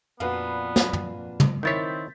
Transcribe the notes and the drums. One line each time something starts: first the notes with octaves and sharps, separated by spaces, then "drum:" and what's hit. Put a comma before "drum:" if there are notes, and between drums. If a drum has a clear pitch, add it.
F2 A#2 B3 D4 F#4 B4 F5
drum: snare
drum: tom
drum: tom
D#3 C4 E4 C#5 G6 A6 B6